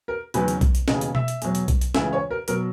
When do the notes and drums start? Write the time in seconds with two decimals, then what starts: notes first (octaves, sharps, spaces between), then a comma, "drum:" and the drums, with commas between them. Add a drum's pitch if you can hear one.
0.08 A#4
0.34 F#1 E2 D#3 F#3 B4, drum: hi-hat
0.48 drum: hi-hat
0.61 drum: kick B1, hi-hat
0.75 drum: hi-hat
0.88 E1 D#2 C#3 E3 D#5, drum: snare
1.01 drum: hi-hat
1.15 E5, drum: tom B2
1.28 drum: hi-hat
1.42 E2 B2 F#3, drum: hi-hat
1.55 drum: hi-hat
1.68 drum: kick B1, hi-hat
1.81 drum: hi-hat
1.95 C#2 C#3 E3 E5, drum: snare
2.13 C#5
2.31 A#4
2.48 B2 F#3 A#4, drum: hi-hat